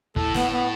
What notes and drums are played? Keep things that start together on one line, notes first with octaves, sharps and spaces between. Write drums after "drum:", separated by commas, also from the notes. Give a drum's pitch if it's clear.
A2 A4, drum: kick
B3, drum: snare
B3